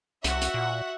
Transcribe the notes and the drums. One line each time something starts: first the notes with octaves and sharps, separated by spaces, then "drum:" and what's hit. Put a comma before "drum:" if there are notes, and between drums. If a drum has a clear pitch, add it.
C2 F#4 E5 F#5, drum: hi-hat
drum: hi-hat
A#2